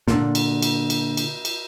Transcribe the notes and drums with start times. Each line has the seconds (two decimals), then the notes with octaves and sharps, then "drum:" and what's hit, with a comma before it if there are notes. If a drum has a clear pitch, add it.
0.08 A#2 D3, drum: snare
0.35 drum: cymbal
0.62 drum: cymbal
0.90 drum: cymbal
1.17 drum: cymbal
1.45 drum: cymbal